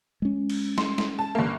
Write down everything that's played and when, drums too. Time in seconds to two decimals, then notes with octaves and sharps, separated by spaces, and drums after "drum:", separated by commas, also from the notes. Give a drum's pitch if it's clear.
0.22 G#3 C#4
0.50 drum: cymbal
0.78 C6, drum: snare
0.98 drum: snare
1.19 A5
1.35 G1 A#3